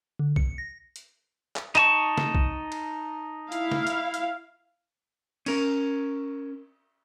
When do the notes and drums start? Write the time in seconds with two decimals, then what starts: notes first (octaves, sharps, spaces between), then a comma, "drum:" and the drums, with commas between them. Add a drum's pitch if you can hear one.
0.19 D3
0.36 C#7, drum: kick
0.58 A#6
0.96 drum: hi-hat
1.56 drum: clap
1.75 D#4 A5 C#6, drum: clap
2.18 drum: snare
2.35 drum: kick
2.72 drum: cymbal
3.52 E4 F5, drum: hi-hat
3.72 drum: snare
3.87 drum: hi-hat
4.14 drum: hi-hat
5.46 C#4 A#4, drum: cymbal